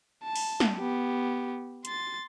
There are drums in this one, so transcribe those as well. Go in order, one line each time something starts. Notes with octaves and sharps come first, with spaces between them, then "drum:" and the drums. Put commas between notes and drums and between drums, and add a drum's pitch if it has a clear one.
A5
drum: open hi-hat
drum: snare
B3 G4
C6 A6, drum: hi-hat